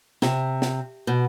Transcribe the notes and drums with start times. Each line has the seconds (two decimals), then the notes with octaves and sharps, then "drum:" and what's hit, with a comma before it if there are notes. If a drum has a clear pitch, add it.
0.22 C3, drum: snare
0.62 drum: snare
1.07 B2